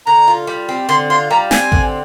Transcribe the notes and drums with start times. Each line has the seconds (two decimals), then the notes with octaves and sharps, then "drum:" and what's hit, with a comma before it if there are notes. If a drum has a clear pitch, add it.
0.06 D3 A#5
0.27 F4
0.47 G3
0.69 C4
0.89 D3 C6
1.10 F4 C6
1.30 G3 A#5
1.51 C4 G#5, drum: snare
1.72 D3, drum: kick A1